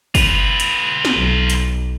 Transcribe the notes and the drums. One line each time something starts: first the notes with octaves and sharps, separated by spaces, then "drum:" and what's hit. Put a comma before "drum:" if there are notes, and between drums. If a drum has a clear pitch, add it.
F4 B4, drum: kick, open hi-hat
drum: hi-hat
drum: snare
B1
drum: hi-hat